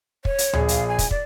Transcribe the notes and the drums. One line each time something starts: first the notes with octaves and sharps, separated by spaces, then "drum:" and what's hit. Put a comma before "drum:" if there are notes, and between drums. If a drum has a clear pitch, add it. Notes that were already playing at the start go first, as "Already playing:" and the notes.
C#5, drum: kick
drum: hi-hat
A#1 G#4, drum: tom D2
F5, drum: hi-hat
G#5
drum: kick, hi-hat
D5, drum: kick